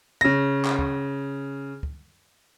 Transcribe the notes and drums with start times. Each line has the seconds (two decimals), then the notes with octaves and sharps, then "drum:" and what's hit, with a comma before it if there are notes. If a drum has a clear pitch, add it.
0.21 C#3 A#6
0.65 drum: clap
0.79 drum: kick
1.83 drum: kick